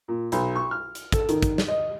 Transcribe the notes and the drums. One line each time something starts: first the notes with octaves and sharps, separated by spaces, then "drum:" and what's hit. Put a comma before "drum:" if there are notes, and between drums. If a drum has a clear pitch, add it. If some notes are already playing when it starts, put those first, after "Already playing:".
A#2
B1, drum: hi-hat
C#6
F6
drum: hi-hat
A4, drum: kick, hi-hat
D#3, drum: hi-hat
drum: kick, hi-hat
drum: snare
D#5